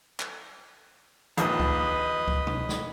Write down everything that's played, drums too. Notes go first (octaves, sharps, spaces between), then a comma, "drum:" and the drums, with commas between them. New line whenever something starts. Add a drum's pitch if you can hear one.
drum: clap
A#1 D#2 B4 D#5, drum: hi-hat
drum: kick C#2
drum: kick C#2
drum: tom B2
drum: snare